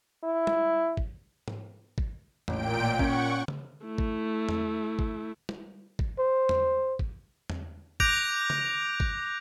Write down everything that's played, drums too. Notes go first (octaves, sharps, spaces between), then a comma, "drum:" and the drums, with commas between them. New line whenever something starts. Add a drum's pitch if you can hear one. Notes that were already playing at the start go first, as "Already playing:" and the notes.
E4
drum: tom
drum: kick
drum: tom G#2
drum: kick
A1 A#2 G5 D7, drum: tom E2
C#4 F#5 C#6, drum: kick
drum: tom C#3
A3 E4
drum: kick
drum: tom E2
drum: kick
drum: tom
drum: kick
C5
drum: tom E2
drum: kick
drum: tom E2
D6 F#6 G6 A#6 D7 F7, drum: kick
drum: tom C#3
drum: kick